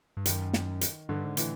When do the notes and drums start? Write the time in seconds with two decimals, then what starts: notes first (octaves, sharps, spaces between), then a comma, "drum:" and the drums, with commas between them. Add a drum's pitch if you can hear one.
0.17 G2
0.26 F#2 D#3, drum: hi-hat
0.53 drum: snare
0.81 drum: hi-hat
1.09 G2 D3
1.25 G#2
1.37 A2 E3, drum: hi-hat